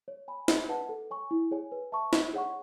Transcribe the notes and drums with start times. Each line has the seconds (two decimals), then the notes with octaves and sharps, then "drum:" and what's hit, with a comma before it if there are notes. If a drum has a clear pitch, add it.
0.08 C#5
0.28 G#5 B5
0.48 G#4, drum: snare
0.68 B4 F#5 A5
0.89 A4
1.10 C#5 G#5 C#6
1.31 E4
1.51 G#4 C#5 G#5
1.72 B4
1.92 E5 A5 C#6
2.13 E4, drum: snare
2.33 G#4 C#5 F#5 C#6